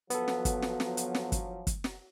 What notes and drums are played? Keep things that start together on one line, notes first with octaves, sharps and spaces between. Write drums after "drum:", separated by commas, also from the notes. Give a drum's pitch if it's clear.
G1 F3 F#3 B3 A4, drum: hi-hat
drum: snare
drum: kick, hi-hat
drum: snare
drum: snare
drum: hi-hat
drum: snare
drum: kick, hi-hat
drum: kick, hi-hat
drum: snare